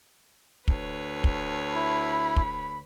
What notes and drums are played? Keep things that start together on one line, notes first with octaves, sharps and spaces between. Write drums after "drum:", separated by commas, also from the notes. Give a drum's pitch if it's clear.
D2 B4 C#5, drum: kick
drum: kick
E4 B5
drum: kick